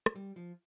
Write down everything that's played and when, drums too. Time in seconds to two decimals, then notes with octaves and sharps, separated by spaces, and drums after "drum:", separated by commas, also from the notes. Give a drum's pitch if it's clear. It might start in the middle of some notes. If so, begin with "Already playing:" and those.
0.06 drum: rim click
0.16 G3
0.36 F3